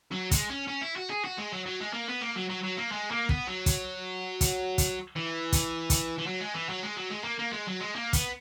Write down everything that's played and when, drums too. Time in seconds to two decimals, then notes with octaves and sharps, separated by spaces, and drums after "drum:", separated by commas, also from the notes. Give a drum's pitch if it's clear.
0.12 F#3
0.31 G#3, drum: kick, hi-hat
0.50 C#4
0.68 C#4
0.82 E4
0.96 F#4
1.10 G#4
1.25 F#4
1.38 G#3
1.52 F#3
1.66 F#3
1.80 G#3
1.93 A#3
2.08 B3
2.21 A#3
2.36 F#3
2.49 F#3
2.63 F#3
2.77 A#3
2.92 G#3
3.11 A#3
3.29 B3, drum: kick
3.47 F#3
3.66 drum: kick, hi-hat
4.41 drum: kick, hi-hat
4.78 drum: kick, hi-hat
5.16 E3
5.52 drum: kick, hi-hat
5.90 drum: kick, hi-hat
6.19 E3
6.27 F#3
6.41 G#3
6.54 E3
6.69 F#3
6.83 G#3
6.96 F#3
7.10 G#3
7.24 A#3
7.39 A#3
7.53 G#3
7.67 F#3
7.80 G#3
7.95 A#3
8.13 B3, drum: kick, hi-hat